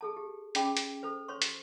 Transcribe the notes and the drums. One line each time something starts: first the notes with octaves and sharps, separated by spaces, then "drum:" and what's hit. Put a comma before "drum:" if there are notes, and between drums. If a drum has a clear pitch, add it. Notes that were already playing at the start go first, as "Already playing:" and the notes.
G#4 A4 A5
G4
C#4 G#4 D5 G5 B5 D6, drum: hi-hat
drum: hi-hat
A4 C5
C5 C#5 C6 C#6
drum: hi-hat